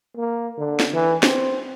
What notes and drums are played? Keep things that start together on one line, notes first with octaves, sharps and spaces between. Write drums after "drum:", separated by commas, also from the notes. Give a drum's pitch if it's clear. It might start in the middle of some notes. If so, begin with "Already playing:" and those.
A#3
D3
drum: snare
E3
C4, drum: snare